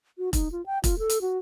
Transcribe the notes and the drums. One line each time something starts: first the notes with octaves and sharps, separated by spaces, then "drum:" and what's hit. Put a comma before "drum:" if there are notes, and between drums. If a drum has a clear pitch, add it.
F#4
D#4, drum: kick E1, hi-hat
F4
G5
F4, drum: kick E1, hi-hat
A4
drum: hi-hat
F#4